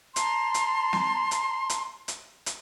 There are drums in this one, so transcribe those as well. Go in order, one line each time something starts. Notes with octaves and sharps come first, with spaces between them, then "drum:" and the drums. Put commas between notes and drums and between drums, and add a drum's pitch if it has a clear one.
A5 A#5 C6, drum: hi-hat
drum: hi-hat
drum: snare
drum: hi-hat
drum: hi-hat
drum: hi-hat
drum: hi-hat